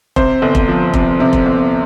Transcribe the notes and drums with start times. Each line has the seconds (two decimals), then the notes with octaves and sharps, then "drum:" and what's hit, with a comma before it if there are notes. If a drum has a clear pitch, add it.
0.16 C3 C5, drum: kick F1
0.42 G1
0.55 drum: kick F1
0.68 F3
0.94 C3, drum: kick F1
1.20 C3
1.33 drum: kick F1
1.46 G1